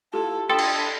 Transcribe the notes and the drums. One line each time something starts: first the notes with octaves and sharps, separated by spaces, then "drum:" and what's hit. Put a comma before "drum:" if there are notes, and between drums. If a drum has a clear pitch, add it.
E4 F4 G4 A4
D4 A4 G5 B5 C6 D#6
drum: cymbal